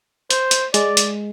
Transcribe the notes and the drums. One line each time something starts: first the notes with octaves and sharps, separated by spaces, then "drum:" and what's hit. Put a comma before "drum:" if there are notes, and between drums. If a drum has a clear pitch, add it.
C5, drum: hi-hat
drum: hi-hat
G#3 D5, drum: hi-hat
drum: hi-hat